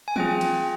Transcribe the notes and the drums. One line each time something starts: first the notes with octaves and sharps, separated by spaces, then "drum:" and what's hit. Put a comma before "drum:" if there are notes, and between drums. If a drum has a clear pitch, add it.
G#5
C4 F4 G#4 G5, drum: tom E3
drum: cymbal